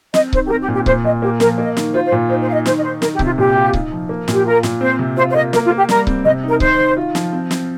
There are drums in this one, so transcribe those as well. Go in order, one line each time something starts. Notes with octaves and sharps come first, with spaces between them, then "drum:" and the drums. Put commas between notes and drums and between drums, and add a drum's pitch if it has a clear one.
C4 D#5, drum: snare
D#3 C5, drum: kick C#1
G4
C4 A#4
G4
A#2
G4
A#2 C5, drum: kick C#1
A#2 D#5
A#3 G4
F3 A#4, drum: snare
A#3 D#5
D#3, drum: snare
F4 C5
C5
A#2
D#4 C5
C5
D#4 F5
D#5
D#3 C5, drum: snare
D#5
D#4 C5
D#3 A#4, drum: snare
G4
C3, drum: kick C#1
F4
A#2 G4
F4
D#4, drum: kick C#1
F3
A#3
A#2, drum: snare
G4
F4 A#4
A#2, drum: snare
C4 C5
C3
F4 C5
C5
A#3 D#5
A#3 A#4, drum: snare
F4
A#3
G4
G3 A#4, drum: snare
C4, drum: kick C#1
C3 D#5
D#4
A#4
D#3 C5, drum: kick C#1
D#3
F4
F3, drum: snare
C4
C4, drum: snare